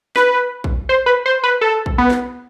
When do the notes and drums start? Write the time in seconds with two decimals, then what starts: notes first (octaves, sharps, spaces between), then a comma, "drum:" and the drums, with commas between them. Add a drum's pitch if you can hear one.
0.16 B4, drum: snare
0.64 drum: kick A#1
0.89 C5
1.06 B4
1.26 C5
1.43 B4
1.61 A4
1.86 drum: kick A#1
1.98 B3
2.10 drum: snare